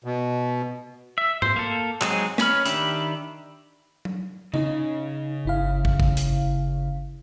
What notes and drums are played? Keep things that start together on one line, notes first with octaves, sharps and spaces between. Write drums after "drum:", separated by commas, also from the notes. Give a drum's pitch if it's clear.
B2
E5
C5, drum: tom G#2
A#3 A4
F#3 G#3 C4 D#4 G#4, drum: clap
C#4 C#5 B5 F6, drum: snare
D#3 D4 G4 E5 B5, drum: hi-hat
drum: tom F#3
C#3 D#4 D#5, drum: tom C#3
G1 E4 F5
drum: kick
drum: kick
drum: hi-hat